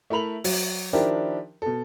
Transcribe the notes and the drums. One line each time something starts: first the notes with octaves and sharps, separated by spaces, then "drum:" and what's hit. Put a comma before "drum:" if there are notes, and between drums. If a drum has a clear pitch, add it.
A3 E4 A#4 B5 F7 F#7
F#3, drum: open hi-hat
D#3 F3 D4 E4 G4 A#4
B2 A4